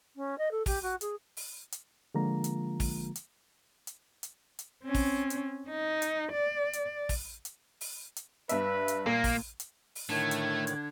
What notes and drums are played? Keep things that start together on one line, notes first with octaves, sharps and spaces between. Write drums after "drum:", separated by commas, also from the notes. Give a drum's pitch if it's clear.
C#4
D#5
A4
G4, drum: kick, open hi-hat
F#4
G#4, drum: hi-hat
drum: open hi-hat
drum: hi-hat
D3 F3 G#3 A#3 F4 A#5
drum: hi-hat
drum: kick, open hi-hat
drum: hi-hat
drum: hi-hat
drum: hi-hat
drum: hi-hat
C4 C#4
drum: kick, open hi-hat
drum: hi-hat
D#4
drum: hi-hat
D5
drum: hi-hat
drum: kick, open hi-hat
drum: hi-hat
drum: open hi-hat
drum: hi-hat
G2 B4 E5, drum: hi-hat
drum: hi-hat
A#2 A#3
drum: kick, open hi-hat
drum: hi-hat
drum: open hi-hat
A2 D3 D#3 A3 G#6
drum: hi-hat
drum: hi-hat